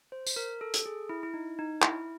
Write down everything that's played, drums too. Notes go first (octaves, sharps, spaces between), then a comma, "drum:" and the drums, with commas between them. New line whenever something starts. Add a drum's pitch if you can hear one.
C5
drum: tambourine
A#4
A4
A4, drum: hi-hat
G#4
E4
E4
D#4
D#4
E4, drum: clap